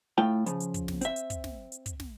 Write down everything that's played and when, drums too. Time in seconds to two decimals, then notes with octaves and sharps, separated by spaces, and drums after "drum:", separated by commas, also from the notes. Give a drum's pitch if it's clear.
0.18 A2 A3 F4 G5
0.46 C#3 F3, drum: hi-hat
0.60 drum: hi-hat
0.74 drum: kick, hi-hat
0.88 drum: snare
1.01 C4 E5, drum: hi-hat
1.16 drum: hi-hat
1.30 drum: kick, hi-hat
1.44 drum: snare
1.72 drum: hi-hat
1.86 drum: kick, hi-hat
2.00 drum: snare